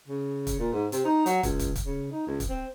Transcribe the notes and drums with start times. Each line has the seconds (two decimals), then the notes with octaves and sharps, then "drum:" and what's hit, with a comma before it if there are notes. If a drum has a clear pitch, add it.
0.08 C#3
0.47 drum: kick, hi-hat
0.59 A#2
0.73 G#2
0.92 C3, drum: hi-hat
1.05 D#4
1.26 F#3, drum: hi-hat
1.43 C#2, drum: kick, hi-hat
1.59 drum: kick, hi-hat
1.76 drum: kick, hi-hat
1.85 C#3
2.11 D#4
2.27 C#2
2.40 drum: kick, hi-hat
2.49 C4